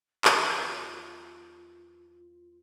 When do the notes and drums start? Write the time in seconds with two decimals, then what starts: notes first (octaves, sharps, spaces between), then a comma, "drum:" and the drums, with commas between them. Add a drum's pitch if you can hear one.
0.25 E2 D#3 F3 F4, drum: clap